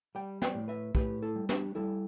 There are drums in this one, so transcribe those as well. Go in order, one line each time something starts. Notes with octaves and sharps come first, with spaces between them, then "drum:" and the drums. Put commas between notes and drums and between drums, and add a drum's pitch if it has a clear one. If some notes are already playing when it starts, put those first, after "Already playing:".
G3 D5 G5
D5 G5, drum: snare
A2
B4 E5
A2 G4 B4, drum: kick
E4 A4
G3
D4 G4, drum: snare
G3 E4 A4